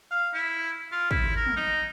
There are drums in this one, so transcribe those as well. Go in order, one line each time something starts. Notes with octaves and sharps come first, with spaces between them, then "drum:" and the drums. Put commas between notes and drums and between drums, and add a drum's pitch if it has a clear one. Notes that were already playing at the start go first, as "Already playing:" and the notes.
F5
E4
F4
E4, drum: kick
A#4
drum: tom
D#4